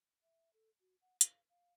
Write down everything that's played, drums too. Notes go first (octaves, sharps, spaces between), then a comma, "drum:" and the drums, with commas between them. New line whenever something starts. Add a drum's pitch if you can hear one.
E5
A4
F#4
F#5
F5, drum: hi-hat
F5